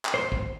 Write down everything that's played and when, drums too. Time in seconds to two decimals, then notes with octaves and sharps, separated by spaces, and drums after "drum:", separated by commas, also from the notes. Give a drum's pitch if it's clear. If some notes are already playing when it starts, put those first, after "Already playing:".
0.05 drum: clap
0.14 C5
0.32 drum: kick